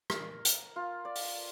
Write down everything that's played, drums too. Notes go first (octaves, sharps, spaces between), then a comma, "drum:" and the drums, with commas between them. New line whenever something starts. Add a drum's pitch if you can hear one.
A#4, drum: rim click
drum: hi-hat
F4
D5
drum: open hi-hat